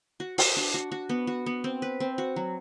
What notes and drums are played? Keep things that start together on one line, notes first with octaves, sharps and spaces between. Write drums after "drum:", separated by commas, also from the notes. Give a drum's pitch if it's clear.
F#4
F#4, drum: open hi-hat
D4
F#4
F#4
B3
F#4
B3
C4
B4
C4
F#4
F#3